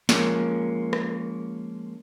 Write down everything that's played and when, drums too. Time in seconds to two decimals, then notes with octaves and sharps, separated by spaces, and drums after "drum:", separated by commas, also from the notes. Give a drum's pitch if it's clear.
0.09 F3 G#3 A#3 C#4, drum: snare
0.93 drum: rim click